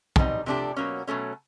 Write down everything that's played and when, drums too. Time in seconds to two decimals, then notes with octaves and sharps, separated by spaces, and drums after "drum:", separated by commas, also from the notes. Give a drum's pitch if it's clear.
0.16 B2 G3 C4 D#4, drum: kick
0.46 C3 F3 A3 D4 G4
0.76 B2 F#3 A#3 C#4
1.07 B2 F#3 A3 C#4